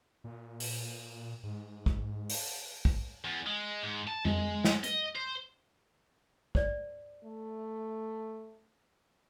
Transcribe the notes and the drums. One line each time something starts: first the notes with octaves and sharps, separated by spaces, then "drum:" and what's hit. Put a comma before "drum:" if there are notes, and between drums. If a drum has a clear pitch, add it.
A#2
drum: open hi-hat
G#2
drum: kick
drum: open hi-hat
drum: kick
E2
G#3
G#2
A5
G#3, drum: tom
drum: snare
D#5, drum: hi-hat
C5
C5 D5, drum: kick
A3